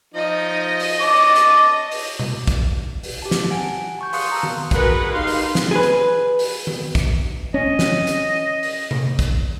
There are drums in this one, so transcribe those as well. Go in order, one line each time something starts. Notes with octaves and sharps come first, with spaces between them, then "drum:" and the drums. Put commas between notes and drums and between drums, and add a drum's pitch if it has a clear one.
F3 D#4 D#5
drum: open hi-hat
C#5 A5 D6
drum: hi-hat
drum: open hi-hat
drum: tom B2
drum: kick, hi-hat
drum: open hi-hat
G4 A5
drum: snare
F#5 G#5 D7
A5 C#6 G6
F5 C6 C#6 D#6 F#6 C#7, drum: open hi-hat
A#5 E6
drum: tom D#3
F#4 G#4 A#4 B4 F#5, drum: kick, hi-hat
D#4 G4 F5 C6
drum: open hi-hat
drum: snare
G#4 B4
drum: hi-hat
drum: open hi-hat
drum: tom D#3
drum: kick, hi-hat
C#4 D#5
drum: snare
drum: hi-hat
drum: open hi-hat
drum: tom C3
drum: kick, hi-hat